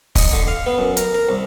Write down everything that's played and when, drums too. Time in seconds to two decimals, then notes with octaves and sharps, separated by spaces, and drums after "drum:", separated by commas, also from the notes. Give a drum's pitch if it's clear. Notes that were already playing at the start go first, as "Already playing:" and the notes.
0.15 D#5, drum: kick, open hi-hat
0.33 D3
0.48 F5
0.66 B3
0.78 F#2
0.97 A#4, drum: hi-hat
1.15 A#4
1.29 C2